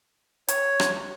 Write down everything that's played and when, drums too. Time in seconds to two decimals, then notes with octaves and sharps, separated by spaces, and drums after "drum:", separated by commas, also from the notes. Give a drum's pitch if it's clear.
0.48 C#5, drum: hi-hat
0.80 drum: rim click